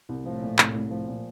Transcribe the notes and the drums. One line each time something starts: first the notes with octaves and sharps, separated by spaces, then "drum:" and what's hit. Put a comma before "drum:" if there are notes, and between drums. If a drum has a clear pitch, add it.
C2
A2 F3
A#2
C2, drum: clap
C2
F3
A#2